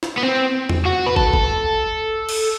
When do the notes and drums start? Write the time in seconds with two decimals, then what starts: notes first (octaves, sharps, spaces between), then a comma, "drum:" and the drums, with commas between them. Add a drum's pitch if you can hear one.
0.03 drum: snare
0.18 B3
0.23 C4
0.69 drum: tom E2
0.85 F#4
1.06 B4
1.16 A4, drum: kick
1.33 drum: kick
2.29 drum: cymbal